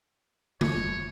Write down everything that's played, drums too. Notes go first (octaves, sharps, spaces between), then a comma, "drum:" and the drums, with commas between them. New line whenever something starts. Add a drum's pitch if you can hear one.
D#1 F2 G3 C#5, drum: tom D3